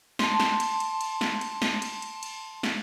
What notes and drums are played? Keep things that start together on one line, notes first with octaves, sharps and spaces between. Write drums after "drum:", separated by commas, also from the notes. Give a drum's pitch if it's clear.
A5 C6, drum: snare
drum: snare
drum: cymbal
drum: cymbal
drum: cymbal
drum: snare
drum: cymbal
drum: snare
drum: cymbal
drum: cymbal
drum: cymbal
drum: snare